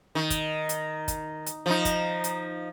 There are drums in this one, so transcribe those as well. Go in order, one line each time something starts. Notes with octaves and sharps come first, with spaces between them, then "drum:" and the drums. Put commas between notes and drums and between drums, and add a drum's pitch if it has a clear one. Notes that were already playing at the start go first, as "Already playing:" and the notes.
D#3
drum: kick, hi-hat
drum: hi-hat
drum: kick, hi-hat
drum: hi-hat
F3 D#4
drum: kick, hi-hat
drum: hi-hat